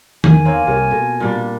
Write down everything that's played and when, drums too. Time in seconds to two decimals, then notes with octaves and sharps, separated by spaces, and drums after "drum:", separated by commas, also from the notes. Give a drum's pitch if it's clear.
0.24 E2 D#3 G#5, drum: tom D#3
0.45 A#3 C4 C#5 F5
0.67 C2 F4 G4 A#4 C#5
0.91 B2 A4
1.20 A#2 G3 D4